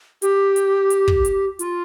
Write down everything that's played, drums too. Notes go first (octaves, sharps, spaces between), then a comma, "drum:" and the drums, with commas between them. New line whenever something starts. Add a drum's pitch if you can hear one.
G4, drum: hi-hat
drum: hi-hat
drum: hi-hat
drum: kick
drum: hi-hat
F4, drum: hi-hat